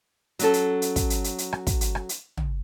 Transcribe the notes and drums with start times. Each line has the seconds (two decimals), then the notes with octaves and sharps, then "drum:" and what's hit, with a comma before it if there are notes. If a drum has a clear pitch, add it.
0.39 F#3 C#4 A4, drum: hi-hat
0.53 drum: hi-hat
0.82 drum: hi-hat
0.96 drum: kick, hi-hat
1.10 drum: hi-hat
1.24 drum: hi-hat
1.38 drum: hi-hat
1.53 drum: rim click
1.67 drum: kick, hi-hat
1.81 drum: hi-hat
1.95 drum: rim click
2.09 drum: hi-hat
2.37 drum: tom